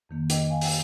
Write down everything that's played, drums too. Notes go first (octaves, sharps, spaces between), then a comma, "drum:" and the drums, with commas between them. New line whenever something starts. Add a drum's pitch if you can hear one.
F2 D#3 A#3
D#5 G5, drum: hi-hat
F5 G#5
drum: open hi-hat